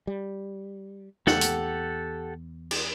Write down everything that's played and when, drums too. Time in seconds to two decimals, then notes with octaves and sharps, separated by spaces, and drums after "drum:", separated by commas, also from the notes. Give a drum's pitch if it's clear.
0.07 G3
1.27 E2 G4 A4 F#5, drum: snare
1.41 drum: hi-hat
2.71 drum: cymbal